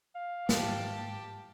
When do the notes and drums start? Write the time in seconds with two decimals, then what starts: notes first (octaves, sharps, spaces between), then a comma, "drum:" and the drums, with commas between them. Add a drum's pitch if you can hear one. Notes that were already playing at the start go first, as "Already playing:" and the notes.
0.15 F5
0.49 G#2 G4 A5, drum: snare